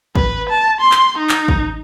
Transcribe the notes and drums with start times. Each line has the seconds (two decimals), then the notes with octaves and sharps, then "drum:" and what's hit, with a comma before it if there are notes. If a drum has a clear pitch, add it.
0.15 B4, drum: kick A1
0.49 A5
0.81 C6
0.91 drum: clap
1.18 D#4
1.29 drum: clap
1.48 drum: kick A1